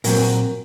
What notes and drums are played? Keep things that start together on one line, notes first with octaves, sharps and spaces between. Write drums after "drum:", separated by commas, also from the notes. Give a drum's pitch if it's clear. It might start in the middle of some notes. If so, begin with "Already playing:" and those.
A#2 F#3 C4 A#4, drum: open hi-hat